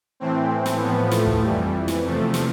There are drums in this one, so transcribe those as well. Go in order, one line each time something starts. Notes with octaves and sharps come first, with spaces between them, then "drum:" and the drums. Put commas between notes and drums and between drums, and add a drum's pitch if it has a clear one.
A2 E3 C4
drum: snare
A2 F3 B3
A3, drum: snare
drum: kick
F2 E3 G3
drum: snare
E2 C3 F3 A3
drum: snare